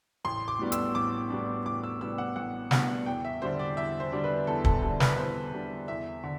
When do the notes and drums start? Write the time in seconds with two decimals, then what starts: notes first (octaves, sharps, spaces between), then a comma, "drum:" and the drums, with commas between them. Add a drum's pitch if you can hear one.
0.25 A1 C6
0.48 D6
0.59 A2 G3 B3 D4
0.72 E6, drum: hi-hat
0.95 A1 D6
1.30 A2 G3 B3 D4
1.66 A1 D6
1.84 E6
2.01 A2 G3 B3 D4 E6
2.18 F#5
2.36 A1 F#5
2.71 A2 G3 B3 D4 F#5, drum: snare
3.06 E2 G5
3.25 E5
3.42 D3 G3 D4 C5
3.59 D5
3.77 E2 E5
4.00 C5
4.12 D3 G3 D4
4.24 B4
4.47 E2 A4
4.65 A4, drum: kick
4.83 D3 G3 D4 A4
5.00 B4, drum: snare
5.18 E2 C5
5.53 D3 G3 D4
5.88 E2 E5
6.23 D3